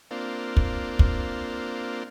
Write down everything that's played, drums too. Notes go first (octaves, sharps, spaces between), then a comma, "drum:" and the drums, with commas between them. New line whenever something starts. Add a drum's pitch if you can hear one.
A#3 C4 D4 F4
drum: kick
drum: kick